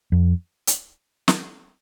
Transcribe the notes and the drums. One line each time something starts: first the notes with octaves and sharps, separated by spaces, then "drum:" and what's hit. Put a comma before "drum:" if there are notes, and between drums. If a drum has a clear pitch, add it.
F2
drum: hi-hat
drum: snare